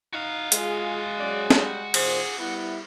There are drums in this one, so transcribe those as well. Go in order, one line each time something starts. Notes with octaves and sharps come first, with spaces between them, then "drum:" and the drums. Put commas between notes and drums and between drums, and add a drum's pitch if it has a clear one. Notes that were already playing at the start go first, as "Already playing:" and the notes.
D#4 F#4 F5
G#3 F4 G#4, drum: hi-hat
F#3 C#4 G#4 D5
G3, drum: snare
A#2 D#3 G#4 C5, drum: cymbal
G3 B3 E4